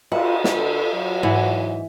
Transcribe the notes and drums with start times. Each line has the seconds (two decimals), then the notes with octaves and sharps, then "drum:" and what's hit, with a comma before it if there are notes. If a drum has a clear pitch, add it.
0.12 F4 F#5, drum: cymbal
0.44 drum: snare
0.54 D3 A4
0.94 F#3 F4
1.23 G#2 E3 E4 E5 F#5